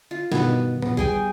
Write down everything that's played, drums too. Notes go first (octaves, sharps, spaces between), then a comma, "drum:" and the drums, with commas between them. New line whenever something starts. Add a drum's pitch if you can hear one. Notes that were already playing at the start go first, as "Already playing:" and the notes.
F4
G2 B2 D#3 B3 B4, drum: snare
B3, drum: tom
G3 G#4 G5 G#5, drum: kick A#1